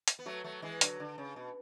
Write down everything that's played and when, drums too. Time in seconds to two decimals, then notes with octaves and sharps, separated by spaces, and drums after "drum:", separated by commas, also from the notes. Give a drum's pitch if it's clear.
0.08 drum: hi-hat
0.19 B3
0.26 F#3 A3
0.44 F#3 A3
0.62 E3 G#3
0.81 D3 F#3, drum: hi-hat
1.00 D3
1.18 C#3
1.36 B2